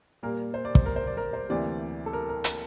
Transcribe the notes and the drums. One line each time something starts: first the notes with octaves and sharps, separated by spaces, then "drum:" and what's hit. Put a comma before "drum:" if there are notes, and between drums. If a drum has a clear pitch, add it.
A#2 G3 A#3 A#4
C5
D5
C5, drum: kick
A#4
C5
D5
A#4
C5
D2 C3 E3 A#3 D5
A4
A#4
A#4
A#4, drum: hi-hat